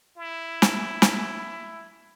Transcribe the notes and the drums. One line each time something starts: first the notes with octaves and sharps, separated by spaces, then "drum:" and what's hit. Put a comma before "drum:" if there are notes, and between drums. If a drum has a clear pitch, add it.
E4
drum: snare
drum: snare